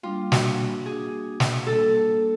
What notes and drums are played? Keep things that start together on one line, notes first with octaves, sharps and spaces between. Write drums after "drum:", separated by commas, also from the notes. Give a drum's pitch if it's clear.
G3 A#3 D4 F4
F#4, drum: snare
G3 A#3 D4 G#4
drum: snare
G3 A#3 D4 A4